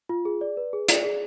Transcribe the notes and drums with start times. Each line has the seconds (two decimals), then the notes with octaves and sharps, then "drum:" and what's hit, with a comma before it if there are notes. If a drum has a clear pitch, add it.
0.09 F4
0.25 G#4
0.41 D5
0.57 B4
0.73 G#4
0.88 D5, drum: hi-hat
1.04 G#4